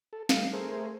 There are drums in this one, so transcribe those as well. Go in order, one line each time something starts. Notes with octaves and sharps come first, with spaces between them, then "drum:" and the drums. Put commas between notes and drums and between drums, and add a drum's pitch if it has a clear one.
A4
G3 A3 D#4 F5, drum: snare
A3 G#4 A#4 C5